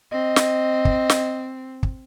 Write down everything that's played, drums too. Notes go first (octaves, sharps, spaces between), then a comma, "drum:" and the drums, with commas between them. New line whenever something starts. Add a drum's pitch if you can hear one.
C4 D#5
drum: snare
drum: kick
drum: snare
drum: kick